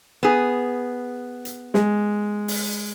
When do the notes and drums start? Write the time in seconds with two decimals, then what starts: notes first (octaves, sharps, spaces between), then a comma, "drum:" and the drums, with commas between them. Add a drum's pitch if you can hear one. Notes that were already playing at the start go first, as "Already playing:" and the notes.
0.23 B3 G#4
1.45 drum: hi-hat
1.74 G#3, drum: snare
2.48 drum: open hi-hat